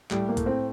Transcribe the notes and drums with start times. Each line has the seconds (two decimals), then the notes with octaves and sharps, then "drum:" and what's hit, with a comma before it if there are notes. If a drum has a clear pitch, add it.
0.11 A2 G3, drum: clap
0.29 A#3
0.37 A2, drum: kick B1, hi-hat
0.46 C4